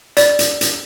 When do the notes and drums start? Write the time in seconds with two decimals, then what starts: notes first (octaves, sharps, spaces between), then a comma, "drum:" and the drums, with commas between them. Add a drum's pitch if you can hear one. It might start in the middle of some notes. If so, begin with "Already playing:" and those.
0.17 D5, drum: hi-hat
0.39 drum: hi-hat
0.61 drum: hi-hat